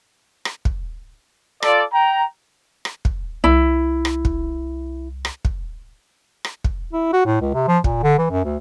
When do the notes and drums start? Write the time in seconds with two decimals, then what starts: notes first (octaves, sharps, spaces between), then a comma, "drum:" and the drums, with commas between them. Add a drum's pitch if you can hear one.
0.45 drum: rim click
0.65 drum: kick
1.62 F4 A4 D5, drum: rim click
1.93 G5 A#5
2.85 drum: rim click
3.05 drum: kick
3.44 C2 E4
4.05 drum: rim click
4.25 drum: kick
5.25 drum: rim click
5.45 drum: kick
6.44 drum: rim click
6.64 drum: kick
6.93 E4
7.13 F#4
7.26 A2
7.41 C#2
7.54 C3
7.68 F3
7.84 A#2, drum: kick
8.03 D3
8.18 E3
8.31 F#2
8.45 D2